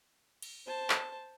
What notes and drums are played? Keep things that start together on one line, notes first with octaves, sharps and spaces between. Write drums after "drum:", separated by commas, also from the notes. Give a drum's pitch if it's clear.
drum: cymbal
C5 A5
drum: clap